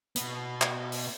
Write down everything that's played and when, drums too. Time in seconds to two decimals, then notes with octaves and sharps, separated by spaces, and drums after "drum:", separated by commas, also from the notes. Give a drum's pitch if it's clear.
0.16 B2 B3, drum: hi-hat
0.62 drum: clap
0.92 drum: open hi-hat